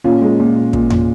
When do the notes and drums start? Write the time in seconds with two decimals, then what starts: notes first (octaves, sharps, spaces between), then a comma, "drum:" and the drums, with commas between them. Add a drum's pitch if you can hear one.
0.04 A#2 C#4 F4
0.22 G#3
0.39 A#2
0.56 A#2
0.73 A#2, drum: kick
0.90 A#2, drum: tom E2